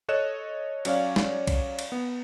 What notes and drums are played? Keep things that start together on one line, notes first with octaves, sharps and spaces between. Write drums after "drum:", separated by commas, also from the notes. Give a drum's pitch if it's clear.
A4 C#5 D#5 F#6 E7
F#3 C#4 C#5 D5 F5, drum: cymbal
drum: snare
drum: kick B1, cymbal
drum: cymbal
B3